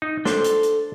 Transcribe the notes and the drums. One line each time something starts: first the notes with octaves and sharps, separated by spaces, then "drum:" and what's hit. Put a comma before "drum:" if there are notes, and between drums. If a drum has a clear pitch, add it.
D#4
D4 A4 C5 C6, drum: snare
drum: hi-hat
drum: hi-hat